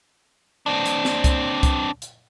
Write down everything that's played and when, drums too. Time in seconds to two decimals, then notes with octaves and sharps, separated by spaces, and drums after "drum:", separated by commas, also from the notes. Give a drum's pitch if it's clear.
0.66 C4 D4
0.86 drum: hi-hat
1.05 drum: snare
1.24 drum: kick C2, hi-hat
1.63 drum: kick C2, hi-hat
2.02 drum: hi-hat